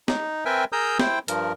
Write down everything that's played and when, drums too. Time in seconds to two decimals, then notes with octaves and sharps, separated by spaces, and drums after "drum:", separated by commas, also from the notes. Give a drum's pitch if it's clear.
0.08 D#4, drum: snare
0.45 C4 A#4 B4 E5 G5 G#5
0.72 G#4 A#4 A#5 D#6 E6 G6
0.99 E4 C5 G5, drum: snare
1.28 G2 F3 A#4, drum: hi-hat